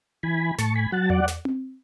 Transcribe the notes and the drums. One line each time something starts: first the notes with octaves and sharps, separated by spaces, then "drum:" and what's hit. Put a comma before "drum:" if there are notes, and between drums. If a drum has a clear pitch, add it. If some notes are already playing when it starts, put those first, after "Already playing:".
E3 G#5 B5
A2 A5 C#6, drum: snare
G#5 B5
F#3 F#5 A5
D5 F#5, drum: tom E2
drum: snare
drum: tom C4